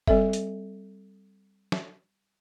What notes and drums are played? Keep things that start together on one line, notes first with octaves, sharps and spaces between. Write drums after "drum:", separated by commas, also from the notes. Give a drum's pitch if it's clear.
G3 C4 A4 E5, drum: kick F#1
drum: hi-hat
drum: snare